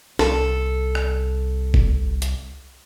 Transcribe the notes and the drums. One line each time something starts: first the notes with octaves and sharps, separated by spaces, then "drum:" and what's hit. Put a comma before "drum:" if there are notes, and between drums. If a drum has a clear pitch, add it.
C2 A4, drum: snare
drum: rim click
drum: kick F#1
drum: hi-hat